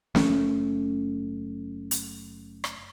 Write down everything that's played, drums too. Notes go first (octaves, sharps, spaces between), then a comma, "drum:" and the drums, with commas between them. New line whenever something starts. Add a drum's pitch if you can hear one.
F#1 A3 C#4, drum: snare
drum: hi-hat
drum: rim click